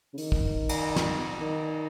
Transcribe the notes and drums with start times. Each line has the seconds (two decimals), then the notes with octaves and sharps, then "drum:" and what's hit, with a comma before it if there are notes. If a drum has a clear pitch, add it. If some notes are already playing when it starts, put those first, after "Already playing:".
0.14 C#3
0.18 D#3, drum: open hi-hat
0.32 drum: kick
0.69 drum: cymbal
0.96 drum: snare
1.41 D#3